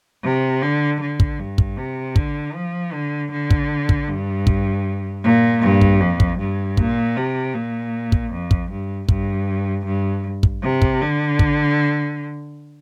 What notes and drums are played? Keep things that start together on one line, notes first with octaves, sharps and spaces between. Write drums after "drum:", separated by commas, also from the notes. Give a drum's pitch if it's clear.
C3
D3
D3
drum: kick
G2
drum: kick
C3
D3, drum: kick
F3
D3
D3
drum: kick
drum: kick
G2
drum: kick
A#2
G2
drum: kick
F2
drum: kick
G2
A#2, drum: kick
C3
A#2
drum: kick
F2
drum: kick
G2
G2, drum: kick
G2
drum: kick
C3
drum: kick
D3
drum: kick